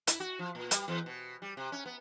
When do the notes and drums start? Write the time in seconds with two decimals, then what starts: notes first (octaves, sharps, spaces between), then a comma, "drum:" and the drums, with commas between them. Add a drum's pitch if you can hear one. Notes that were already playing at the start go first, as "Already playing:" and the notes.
0.07 E4, drum: hi-hat
0.20 F#4
0.39 F3
0.55 A#2
0.71 G3, drum: hi-hat
0.88 E2
1.06 B2
1.42 G3
1.57 C3
1.72 C#4
1.86 B3